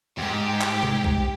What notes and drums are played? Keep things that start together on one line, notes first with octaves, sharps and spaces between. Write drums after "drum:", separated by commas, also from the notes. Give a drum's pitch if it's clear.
E2 G#2 G4 G5
drum: clap
drum: tom C3
drum: kick B1